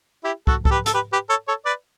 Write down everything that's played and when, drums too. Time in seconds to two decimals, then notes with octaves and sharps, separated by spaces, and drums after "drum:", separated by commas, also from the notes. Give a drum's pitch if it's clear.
0.24 E4 G4
0.47 F#4 A4, drum: kick
0.65 A4, drum: kick
0.70 G4 B4
0.86 A4, drum: hi-hat
0.94 G4 B4
1.12 G4 B4
1.29 A4 C#5
1.48 A4 C#5
1.65 B4 D5